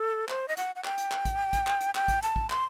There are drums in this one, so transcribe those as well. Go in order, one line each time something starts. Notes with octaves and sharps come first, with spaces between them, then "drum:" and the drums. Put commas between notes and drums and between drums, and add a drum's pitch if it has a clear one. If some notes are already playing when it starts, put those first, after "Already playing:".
Already playing: A4
C5, drum: clap
D#5
F#5, drum: hi-hat
F#5
G5, drum: clap
drum: hi-hat
drum: clap
drum: kick, hi-hat
drum: kick, hi-hat
drum: clap
drum: hi-hat
G5, drum: clap
drum: kick, hi-hat
A5, drum: hi-hat
drum: kick
C6, drum: clap